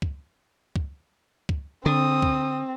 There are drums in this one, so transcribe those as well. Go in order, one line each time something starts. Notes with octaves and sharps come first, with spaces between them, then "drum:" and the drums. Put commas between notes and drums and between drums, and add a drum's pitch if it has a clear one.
drum: kick C#2
drum: kick C#2
drum: kick C#2
D3 C4 D#6
drum: kick C#2